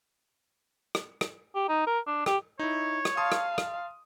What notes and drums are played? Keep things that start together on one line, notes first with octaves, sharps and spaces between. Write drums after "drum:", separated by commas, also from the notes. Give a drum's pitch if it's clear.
drum: rim click
drum: rim click
G4
D#4
A#4
D4
G4, drum: rim click
D#4 E4 C#5
drum: rim click
F5 A5 C6 D#6
drum: rim click
drum: rim click